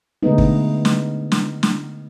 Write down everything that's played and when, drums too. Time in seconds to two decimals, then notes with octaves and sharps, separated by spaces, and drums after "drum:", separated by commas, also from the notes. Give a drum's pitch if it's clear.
0.23 D3 G#3 A3 B3 D#4
0.38 drum: kick
0.85 drum: snare
1.32 drum: snare
1.63 drum: snare